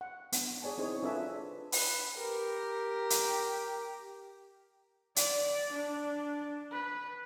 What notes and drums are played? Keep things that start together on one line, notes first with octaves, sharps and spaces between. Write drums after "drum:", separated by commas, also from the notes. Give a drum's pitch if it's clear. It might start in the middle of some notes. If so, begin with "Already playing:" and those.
F#5
B3 D4, drum: hi-hat
G#4 C#5 D5 G#5 A5
C4 D#4 E4 G#4 C5 C#5
D4 F4 A4 B4 E5 G#5
B4, drum: open hi-hat
G4 A#4
drum: hi-hat
D5, drum: hi-hat
D4
B4